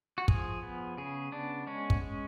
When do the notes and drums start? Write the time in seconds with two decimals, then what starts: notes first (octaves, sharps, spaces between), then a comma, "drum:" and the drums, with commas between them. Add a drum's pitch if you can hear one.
0.18 F#4
0.28 F3 G#4, drum: kick
0.62 B3
0.97 C#3 G#4
1.32 B3 D4
1.67 G#3 C#4
1.90 drum: kick
2.02 G#3